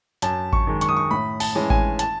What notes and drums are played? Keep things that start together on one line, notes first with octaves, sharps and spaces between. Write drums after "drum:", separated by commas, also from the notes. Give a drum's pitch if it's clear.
F#2 A5, drum: hi-hat
C#6, drum: kick G#1
D#3 G#3
C#6, drum: hi-hat
D#6
C#6
A2 B5
A5, drum: open hi-hat
E3 G#3 C#4 E4
G#5, drum: kick G#1
A5, drum: hi-hat